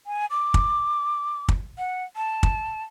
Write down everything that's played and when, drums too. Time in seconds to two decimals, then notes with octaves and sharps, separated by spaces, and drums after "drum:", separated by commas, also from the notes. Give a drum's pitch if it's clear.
0.07 G#5
0.31 D6
0.54 drum: kick
1.48 drum: kick
1.78 F#5
2.16 A5
2.43 drum: kick